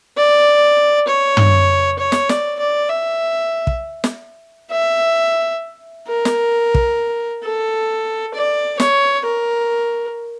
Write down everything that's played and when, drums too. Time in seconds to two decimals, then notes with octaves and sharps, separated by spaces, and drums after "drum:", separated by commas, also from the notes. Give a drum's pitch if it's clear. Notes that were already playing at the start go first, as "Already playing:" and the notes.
0.17 D5
1.08 C#5
1.37 drum: tom
1.99 C#5
2.12 drum: snare
2.29 D5, drum: snare
2.59 D5
2.89 E5
3.67 drum: kick
4.04 drum: snare
4.71 E5
6.07 A#4
6.25 drum: snare
6.75 drum: kick
7.43 A4
8.34 D5
8.80 C#5, drum: snare
9.25 A#4